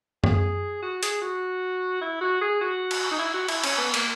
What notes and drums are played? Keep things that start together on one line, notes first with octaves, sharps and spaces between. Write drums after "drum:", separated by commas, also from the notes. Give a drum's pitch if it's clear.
G#4, drum: tom F#2
F#4
G#4, drum: hi-hat
F#4
E4
F#4
G#4
F#4
drum: cymbal
D#4
E4
F#4
E4, drum: cymbal
C#4, drum: cymbal
B3
A#3, drum: cymbal